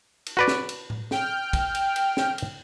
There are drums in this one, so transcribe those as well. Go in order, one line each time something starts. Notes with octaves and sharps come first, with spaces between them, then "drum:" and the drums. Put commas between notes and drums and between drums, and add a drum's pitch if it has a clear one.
drum: cymbal
F#4 B4 D5
drum: snare
drum: cymbal
drum: tom A2
G5 F6, drum: snare
drum: kick, cymbal
drum: cymbal
drum: cymbal
drum: snare
drum: cymbal